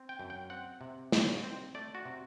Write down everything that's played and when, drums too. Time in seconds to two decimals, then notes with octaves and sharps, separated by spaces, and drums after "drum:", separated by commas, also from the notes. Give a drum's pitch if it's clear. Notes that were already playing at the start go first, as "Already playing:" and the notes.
Already playing: C4
0.09 G5
0.20 F#2
0.30 G5
0.50 C4 F#5
0.81 C3
1.12 G3, drum: snare
1.43 C4
1.75 A3 D5
1.95 F#4
2.05 C3